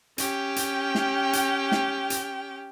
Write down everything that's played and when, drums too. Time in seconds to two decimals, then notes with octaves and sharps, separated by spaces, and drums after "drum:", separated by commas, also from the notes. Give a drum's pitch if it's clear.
0.18 C#4 G4 G5, drum: hi-hat
0.56 drum: hi-hat
0.95 drum: snare
1.33 drum: hi-hat
1.72 drum: snare
2.10 drum: hi-hat